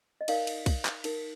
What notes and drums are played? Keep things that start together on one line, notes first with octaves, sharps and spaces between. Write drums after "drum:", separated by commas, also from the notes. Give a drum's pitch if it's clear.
D#5
D#4 A#4 D5 F5, drum: cymbal
drum: cymbal
drum: kick B1, cymbal
drum: clap
D#4 A#4, drum: cymbal